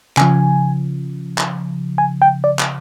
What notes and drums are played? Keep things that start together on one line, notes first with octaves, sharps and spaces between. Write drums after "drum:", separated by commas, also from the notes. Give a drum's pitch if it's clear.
C#3 F3 G#5, drum: clap
drum: clap
G#5
G5
D5
drum: clap